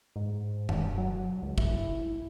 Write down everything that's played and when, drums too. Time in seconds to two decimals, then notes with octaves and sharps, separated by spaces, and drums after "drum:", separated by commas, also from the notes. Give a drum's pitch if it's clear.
0.16 G#2
0.69 E1, drum: tom F#2
0.98 F#3
1.42 C#2
1.58 E4, drum: kick